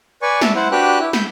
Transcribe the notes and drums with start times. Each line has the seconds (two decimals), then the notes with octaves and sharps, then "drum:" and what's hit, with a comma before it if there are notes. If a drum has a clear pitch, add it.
0.22 B4 D5 G#5 C#6
0.41 E5 A5, drum: snare
0.56 E4 C5 F#5
0.72 D4 F#4 G4 B4 G5 F#6
1.00 E4
1.13 B5 G6, drum: snare